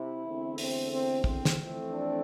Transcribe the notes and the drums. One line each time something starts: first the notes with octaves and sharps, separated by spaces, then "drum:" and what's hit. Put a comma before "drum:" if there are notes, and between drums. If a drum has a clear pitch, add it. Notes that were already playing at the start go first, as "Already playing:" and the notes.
Already playing: C3 E4
E2 D3 A3 C4
C4, drum: open hi-hat
C4
C4, drum: kick
drum: snare
F2 E3 A3 C4
D4